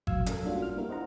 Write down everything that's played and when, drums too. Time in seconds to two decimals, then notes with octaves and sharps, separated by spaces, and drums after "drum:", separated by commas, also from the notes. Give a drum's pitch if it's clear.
0.07 A2 F#3 F5 E6 G#6, drum: kick G1
0.26 C#4 A4 A#4, drum: hi-hat
0.44 G3 A#3 D4 F4 F#4
0.62 F6
0.76 A#3 B3 D4 E4 G4 A#4
0.89 C5 D#5 F#5 A#5